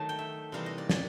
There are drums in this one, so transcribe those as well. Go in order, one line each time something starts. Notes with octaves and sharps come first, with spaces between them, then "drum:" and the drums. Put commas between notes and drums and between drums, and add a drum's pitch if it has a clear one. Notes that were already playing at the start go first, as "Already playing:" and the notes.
Already playing: D#3 F#3 A3 A5
G5
E5
C3 E3 G3 A#3 D#4 F5
D#5
D5
D5, drum: snare